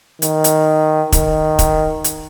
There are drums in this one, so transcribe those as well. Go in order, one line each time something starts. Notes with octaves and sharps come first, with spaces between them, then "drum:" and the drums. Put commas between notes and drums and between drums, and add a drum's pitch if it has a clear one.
D#3, drum: hi-hat
drum: hi-hat
D#3, drum: kick E1, hi-hat
drum: kick E1, hi-hat
drum: hi-hat